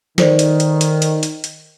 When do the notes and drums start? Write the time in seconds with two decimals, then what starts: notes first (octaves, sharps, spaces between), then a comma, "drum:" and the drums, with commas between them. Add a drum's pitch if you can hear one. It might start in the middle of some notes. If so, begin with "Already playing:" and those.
0.18 D#3 A4 C5 D5, drum: snare
0.39 drum: hi-hat
0.60 drum: hi-hat
0.81 drum: hi-hat
1.02 drum: hi-hat
1.23 drum: hi-hat
1.44 drum: hi-hat